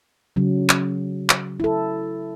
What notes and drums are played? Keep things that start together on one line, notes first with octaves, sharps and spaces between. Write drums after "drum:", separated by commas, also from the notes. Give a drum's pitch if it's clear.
C#3 F#3
drum: clap
drum: clap
E4 A4